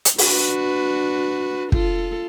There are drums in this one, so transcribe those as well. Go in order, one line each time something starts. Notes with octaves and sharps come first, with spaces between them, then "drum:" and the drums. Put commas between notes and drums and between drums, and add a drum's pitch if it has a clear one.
drum: hi-hat
D4 F#4 B4, drum: open hi-hat
F4 A4, drum: kick